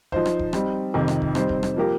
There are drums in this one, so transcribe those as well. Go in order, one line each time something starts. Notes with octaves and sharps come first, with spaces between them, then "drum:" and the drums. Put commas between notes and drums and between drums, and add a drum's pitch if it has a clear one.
F3 D#4 C5, drum: kick E1
drum: rim click
drum: kick E1
G3 C4 D#4, drum: rim click
F2 C3 D#3
drum: rim click
drum: kick E1
G3 C4 D#4 C5, drum: rim click
drum: kick E1
drum: rim click
F3 A#3 G4 A#4